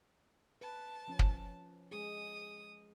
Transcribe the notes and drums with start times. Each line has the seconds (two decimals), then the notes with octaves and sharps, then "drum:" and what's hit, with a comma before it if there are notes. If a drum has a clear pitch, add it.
0.61 B4 A5
1.08 F3 C#4
1.19 drum: kick
1.91 G#3 G#4 D#6